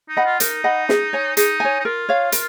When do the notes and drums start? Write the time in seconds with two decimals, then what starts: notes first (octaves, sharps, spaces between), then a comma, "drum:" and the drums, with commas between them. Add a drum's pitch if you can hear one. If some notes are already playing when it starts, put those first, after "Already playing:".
0.09 D#4
0.17 D#5 F#5 B5
0.25 F4
0.40 D#4 A#4, drum: hi-hat
0.64 D#5 F#5 B5
0.89 G#4, drum: snare
1.13 C#5 G#5
1.37 D#4 G#4, drum: hi-hat
1.60 C#5 G#5
1.80 D#4
1.85 F4 A#4
2.09 C#5 F5
2.32 A#4, drum: hi-hat